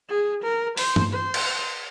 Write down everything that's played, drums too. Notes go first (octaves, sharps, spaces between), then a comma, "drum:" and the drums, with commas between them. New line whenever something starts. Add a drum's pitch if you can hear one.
G#4
A#4
C5, drum: open hi-hat
drum: tom G2
C5
drum: cymbal